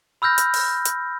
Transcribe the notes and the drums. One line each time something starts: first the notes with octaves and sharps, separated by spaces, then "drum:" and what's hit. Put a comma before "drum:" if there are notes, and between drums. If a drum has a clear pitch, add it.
B5 E6 F6 G6 A#6
drum: hi-hat
drum: open hi-hat
drum: hi-hat